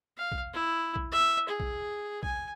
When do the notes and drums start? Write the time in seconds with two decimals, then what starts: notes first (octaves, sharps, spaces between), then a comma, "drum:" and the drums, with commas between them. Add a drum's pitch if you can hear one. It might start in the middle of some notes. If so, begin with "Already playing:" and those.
0.17 F5
0.32 drum: kick B1
0.53 E4
0.96 drum: kick B1
1.12 E5
1.48 G#4
1.60 drum: kick B1
2.23 G#5, drum: kick B1